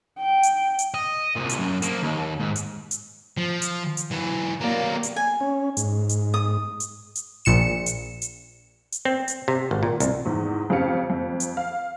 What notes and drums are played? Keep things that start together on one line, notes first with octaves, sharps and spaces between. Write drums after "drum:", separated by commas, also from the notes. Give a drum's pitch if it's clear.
G5
drum: hi-hat
drum: hi-hat
D#5
C2 A#2
drum: hi-hat
F#2
F3 A#3, drum: hi-hat
D#2
G#2
drum: hi-hat
drum: hi-hat
F3
drum: hi-hat
drum: hi-hat
E3 F#3
F#3 A#3 D5
drum: hi-hat
G#5
C#4
G#2, drum: hi-hat
drum: hi-hat
D#6
drum: hi-hat
drum: hi-hat
A#1 A#2 C#7 E7
drum: hi-hat
drum: hi-hat
drum: hi-hat
C4
drum: hi-hat
C3
G#1
A#2
C2, drum: hi-hat
E2 G#2
F2 C#3 G4 F5 C#7
F2
drum: hi-hat
F5